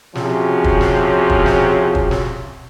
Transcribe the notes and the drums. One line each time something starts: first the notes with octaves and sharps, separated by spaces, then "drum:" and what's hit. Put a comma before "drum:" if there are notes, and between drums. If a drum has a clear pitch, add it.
C3 F3 C#4 F#4 G#4, drum: snare
drum: kick
drum: snare
drum: kick
drum: snare
drum: kick
drum: snare